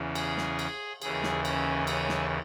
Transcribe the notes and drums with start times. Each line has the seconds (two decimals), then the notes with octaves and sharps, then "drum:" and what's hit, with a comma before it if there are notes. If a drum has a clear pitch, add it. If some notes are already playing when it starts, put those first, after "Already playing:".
Already playing: E2 C#3 E3
0.15 G#4, drum: cymbal
0.37 drum: snare
0.59 drum: cymbal
1.02 D#2 C#3 E3 G#4, drum: cymbal
1.23 drum: snare
1.45 C#4, drum: cymbal
1.87 C#4, drum: cymbal
2.09 drum: snare